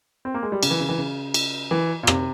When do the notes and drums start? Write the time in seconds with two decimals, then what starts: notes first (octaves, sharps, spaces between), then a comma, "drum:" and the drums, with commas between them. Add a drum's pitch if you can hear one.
0.25 C4
0.34 A#3
0.43 G#3
0.52 G3
0.63 C#3, drum: cymbal
0.70 E3
0.80 C#3
0.89 E3
0.98 C#3
1.34 drum: cymbal
1.71 E3
2.03 A#2
2.07 C3, drum: rim click